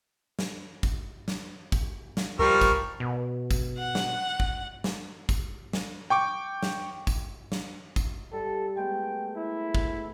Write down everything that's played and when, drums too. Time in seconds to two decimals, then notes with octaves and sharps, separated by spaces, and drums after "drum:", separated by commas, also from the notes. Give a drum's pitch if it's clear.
0.39 drum: snare
0.83 drum: kick, tambourine
1.28 drum: snare
1.72 drum: kick, tambourine
2.17 drum: snare
2.39 C#2 F3 G3 A#4 C#6 F6
2.61 drum: kick, tambourine
3.00 B2
3.51 drum: kick, tambourine
3.78 F#5
3.95 drum: snare
4.40 drum: kick
4.84 drum: snare
5.29 drum: kick, tambourine
5.73 drum: snare
6.10 G5 C#6 D6
6.63 drum: snare
7.07 drum: kick, tambourine
7.52 drum: snare
7.96 drum: kick, tambourine
8.32 G3 A4 E5
8.77 G#3 A3 B3 G5
9.36 E4
9.75 drum: kick